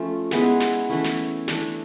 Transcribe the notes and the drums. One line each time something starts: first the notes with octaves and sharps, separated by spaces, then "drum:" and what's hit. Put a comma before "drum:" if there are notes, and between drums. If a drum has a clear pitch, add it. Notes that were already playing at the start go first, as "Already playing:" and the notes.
Already playing: F3 A3 C#4
G#3 B3 E4 G#4, drum: snare
drum: hi-hat
drum: snare
E3 A3 C#4 E4
drum: snare
E3 A3 D4, drum: snare
drum: hi-hat